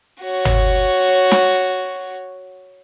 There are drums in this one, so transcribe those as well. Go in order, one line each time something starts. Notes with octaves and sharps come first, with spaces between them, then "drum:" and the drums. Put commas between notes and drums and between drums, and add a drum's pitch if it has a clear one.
F#4 C#5
drum: tom
drum: snare